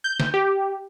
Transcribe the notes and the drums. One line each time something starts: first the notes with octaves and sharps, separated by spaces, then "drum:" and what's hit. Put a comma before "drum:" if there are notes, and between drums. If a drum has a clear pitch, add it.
G6
drum: snare
G4